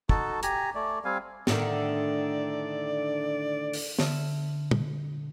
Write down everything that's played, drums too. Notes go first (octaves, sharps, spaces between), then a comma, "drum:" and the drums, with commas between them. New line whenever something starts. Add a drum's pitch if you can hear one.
D#4 F#4 A4 A5, drum: kick
G4 G#5 A#5, drum: hi-hat
A3 D5
G3 C4 F5 G#5
A2 D3 D#3 D5, drum: snare
drum: open hi-hat
D3 A4 E5 F6 E7, drum: snare
drum: tom